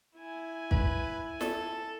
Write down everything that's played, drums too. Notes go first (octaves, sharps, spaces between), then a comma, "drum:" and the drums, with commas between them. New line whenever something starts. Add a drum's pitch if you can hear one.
E4 G#5
B4, drum: kick
A4, drum: snare